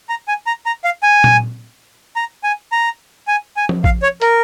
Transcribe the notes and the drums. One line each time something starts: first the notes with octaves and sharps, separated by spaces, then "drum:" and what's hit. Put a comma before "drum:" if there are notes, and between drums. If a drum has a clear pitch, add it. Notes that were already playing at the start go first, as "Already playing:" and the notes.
A#5
G#5
A#5
A#5
F5
G#5
drum: tom A#2
A#5
G#5
A#5
G#5
G#5
drum: tom F3
F5, drum: kick
C#5
A#4, drum: hi-hat